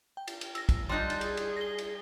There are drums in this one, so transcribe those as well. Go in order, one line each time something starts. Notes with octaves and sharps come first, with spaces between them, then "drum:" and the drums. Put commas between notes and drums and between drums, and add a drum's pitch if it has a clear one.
G5
drum: cymbal
drum: cymbal
E6 A#6, drum: cymbal
drum: kick, cymbal
G3 D#4 F4 A5 C6 F#6 G6
drum: cymbal
G#4, drum: cymbal
drum: cymbal
A#6 G7
drum: cymbal